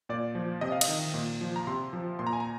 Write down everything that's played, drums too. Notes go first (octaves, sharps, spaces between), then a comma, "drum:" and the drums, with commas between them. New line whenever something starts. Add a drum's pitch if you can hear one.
A#2 D5
F3
C3 D#5
F5
D#5, drum: cymbal
D#3
A#2
F3
A#5
C3 C6
F3
A#2 C6
A#5
G#5
A#5